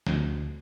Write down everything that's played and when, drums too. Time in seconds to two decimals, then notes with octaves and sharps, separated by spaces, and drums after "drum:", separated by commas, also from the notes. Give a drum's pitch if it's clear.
0.07 D2, drum: snare